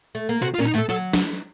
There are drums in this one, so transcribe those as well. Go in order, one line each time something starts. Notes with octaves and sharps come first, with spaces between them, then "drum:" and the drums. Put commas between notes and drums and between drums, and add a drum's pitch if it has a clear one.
A3
A#3
C3 C4 F#4
F4
A#2 A#3 C#4
D#4
A2 A3
A4
F#3 A4
drum: snare